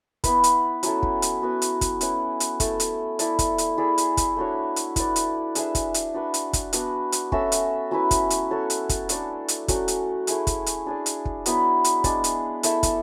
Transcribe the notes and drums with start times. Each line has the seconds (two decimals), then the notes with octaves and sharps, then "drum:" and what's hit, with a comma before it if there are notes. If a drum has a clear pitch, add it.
0.24 B3 E4 B4, drum: kick, hi-hat
0.44 drum: hi-hat
0.83 F#3 C#4 E4 A4, drum: hi-hat
1.03 drum: kick
1.22 drum: hi-hat
1.42 B3 F#4 B4
1.62 drum: hi-hat
1.81 drum: kick, hi-hat
2.01 C#4 E4 B4, drum: hi-hat
2.40 drum: hi-hat
2.60 A3 E4 A4, drum: kick, hi-hat
2.80 drum: hi-hat
3.19 E4 A4 D5, drum: hi-hat
3.39 drum: kick, hi-hat
3.58 drum: hi-hat
3.78 E4 G#4 D5
3.98 drum: hi-hat
4.17 drum: kick, hi-hat
4.36 A3 D4 F#4 C#5
4.76 drum: hi-hat
4.96 E4 B4 D5, drum: kick, hi-hat
5.16 drum: hi-hat
5.55 D4 G#4 B4 E5, drum: hi-hat
5.75 drum: kick, hi-hat
5.94 drum: hi-hat
6.14 D4 F#4 B4
6.34 drum: hi-hat
6.53 drum: kick, hi-hat
6.73 B3 D4 F#4 B4, drum: hi-hat
7.12 drum: hi-hat
7.32 C#4 F#4 A4 E5, drum: kick
7.52 drum: hi-hat
7.91 F#3 C#4 E4 B4
8.11 drum: kick, hi-hat
8.30 drum: hi-hat
8.51 C#4 F#4 A4 C#5
8.70 drum: hi-hat
8.89 drum: kick, hi-hat
9.09 A3 D4 A4 D5, drum: hi-hat
9.48 drum: hi-hat
9.68 F#3 A3 C#4 F#4, drum: kick, hi-hat
9.88 drum: hi-hat
10.27 A3 E4 G#4, drum: hi-hat
10.47 drum: kick, hi-hat
10.66 drum: hi-hat
10.86 D4 G#4 D5
11.06 drum: hi-hat
11.25 drum: kick
11.46 F#3 B3 E4 B4, drum: hi-hat
11.84 drum: hi-hat
12.04 G#3 D4 G#4 D5, drum: kick, hi-hat
12.24 drum: hi-hat
12.63 A3 E4 A4 E5, drum: hi-hat
12.83 drum: kick, hi-hat